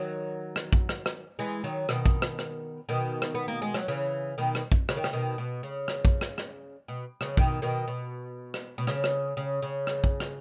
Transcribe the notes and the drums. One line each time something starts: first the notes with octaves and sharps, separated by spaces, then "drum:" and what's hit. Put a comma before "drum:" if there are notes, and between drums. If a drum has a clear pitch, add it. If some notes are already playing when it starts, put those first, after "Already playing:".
Already playing: D#3 F#3
drum: rim click
drum: kick
drum: rim click
drum: rim click
E3 G#3
D#3 F#3
B2 D#3, drum: rim click
drum: kick
drum: rim click
drum: rim click
B2 D#3
drum: rim click
B3
A#3
G#3
F#3, drum: rim click
C#3 E3
B2 D#3
drum: rim click
drum: kick
C#3, drum: rim click
D#3
C#3, drum: rim click
B2 D#3
B2
C#3
drum: rim click
drum: kick
drum: rim click
drum: rim click
B2
C#3, drum: rim click
B2 D#3, drum: kick
B2 D#3
B2
drum: rim click
B2
C#3, drum: rim click
drum: rim click
C#3
C#3
drum: rim click
drum: kick
drum: rim click